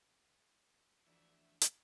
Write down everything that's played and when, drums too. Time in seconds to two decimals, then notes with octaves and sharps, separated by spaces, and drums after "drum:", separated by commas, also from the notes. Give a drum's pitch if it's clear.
1.07 D2 E3 F3 D4 E5
1.61 drum: hi-hat